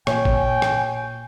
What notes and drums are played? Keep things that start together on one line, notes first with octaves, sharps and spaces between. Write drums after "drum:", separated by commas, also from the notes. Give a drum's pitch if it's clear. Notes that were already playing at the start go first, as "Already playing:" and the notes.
A#2 C#5 G5 G#5, drum: rim click
drum: kick G#1
drum: rim click